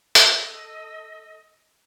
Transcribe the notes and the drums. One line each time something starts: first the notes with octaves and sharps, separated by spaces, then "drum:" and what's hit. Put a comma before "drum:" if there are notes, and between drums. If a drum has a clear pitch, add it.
A4 D#5 E6, drum: hi-hat